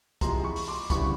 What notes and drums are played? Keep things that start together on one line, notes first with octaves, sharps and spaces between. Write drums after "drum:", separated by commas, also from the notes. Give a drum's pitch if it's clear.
E2 C3 F3 G#3 A#5 C6, drum: kick, hi-hat
B5 C#6
drum: open hi-hat
C6 D6
D2 C#3 E3 G3 B5 C#6, drum: kick, hi-hat